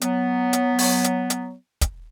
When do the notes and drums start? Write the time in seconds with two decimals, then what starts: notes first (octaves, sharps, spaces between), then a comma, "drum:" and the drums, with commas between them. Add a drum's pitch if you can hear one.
0.01 F#3 B3, drum: hi-hat
0.53 drum: hi-hat
0.79 drum: open hi-hat
1.04 drum: hi-hat
1.30 drum: hi-hat
1.81 drum: kick, hi-hat